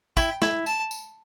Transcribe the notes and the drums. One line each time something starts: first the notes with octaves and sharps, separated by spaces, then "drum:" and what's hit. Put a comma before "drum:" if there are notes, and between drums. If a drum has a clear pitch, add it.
E4 G5, drum: kick, tambourine
E4, drum: snare
A5, drum: tambourine
drum: tambourine